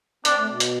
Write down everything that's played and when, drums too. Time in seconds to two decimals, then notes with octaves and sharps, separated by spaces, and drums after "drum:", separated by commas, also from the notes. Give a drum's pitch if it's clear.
0.25 C4 D4, drum: hi-hat
0.36 A3
0.49 B2
0.60 drum: hi-hat